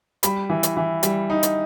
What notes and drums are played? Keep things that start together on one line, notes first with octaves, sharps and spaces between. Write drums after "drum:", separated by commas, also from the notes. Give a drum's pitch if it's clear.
G3 B5, drum: hi-hat
E3
drum: hi-hat
E3
G3, drum: hi-hat
D#4
drum: hi-hat